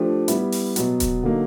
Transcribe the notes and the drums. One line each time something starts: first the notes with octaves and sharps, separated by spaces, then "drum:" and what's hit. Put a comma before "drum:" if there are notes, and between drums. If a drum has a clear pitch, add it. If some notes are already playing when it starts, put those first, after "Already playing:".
Already playing: F3 A3 D4 G4
G3 B3 E4, drum: hi-hat
drum: open hi-hat
B2 F#3 B3, drum: hi-hat
drum: kick D#1, hi-hat
D3 F#3 A#3 D#4